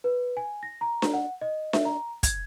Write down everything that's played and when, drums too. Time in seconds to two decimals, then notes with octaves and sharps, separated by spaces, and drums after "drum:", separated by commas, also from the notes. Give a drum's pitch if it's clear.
0.04 B4
0.37 G#5
0.63 A#6
0.81 A#5
1.02 drum: snare D4
1.14 F#5
1.41 D#5
1.73 E5, drum: snare D4
1.85 A#5
2.23 G#6, drum: kick, hi-hat